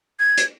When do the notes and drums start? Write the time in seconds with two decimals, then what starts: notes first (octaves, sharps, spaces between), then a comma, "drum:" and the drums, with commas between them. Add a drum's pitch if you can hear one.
0.20 G#6
0.38 drum: hi-hat